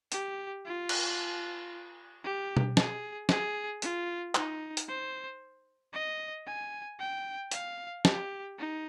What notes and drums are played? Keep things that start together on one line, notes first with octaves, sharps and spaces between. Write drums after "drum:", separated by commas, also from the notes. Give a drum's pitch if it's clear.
G4, drum: hi-hat
F4
drum: cymbal
G4
drum: tom B2
G#4, drum: snare
G#4, drum: snare
F4, drum: hi-hat
D#4, drum: clap
drum: hi-hat
C5
D#5
G#5
G5
F5, drum: hi-hat
G4, drum: snare
D#4